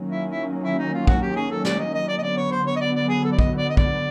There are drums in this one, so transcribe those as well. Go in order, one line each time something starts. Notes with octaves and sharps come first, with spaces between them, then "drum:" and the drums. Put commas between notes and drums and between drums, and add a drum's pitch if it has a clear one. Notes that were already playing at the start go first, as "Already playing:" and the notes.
Already playing: D#3 F#3 A#3 C#4
E4
E4
E4
D#4
F4
F#4, drum: kick
G4
G#4
A4
D5, drum: snare
D#5
D#5
D5
D#5
D3 F#3 B3 D5
C#5
C5
C#5
D#5
D5
D5
G#4
A4
D5
D#5, drum: kick
D5
D#5
D5, drum: kick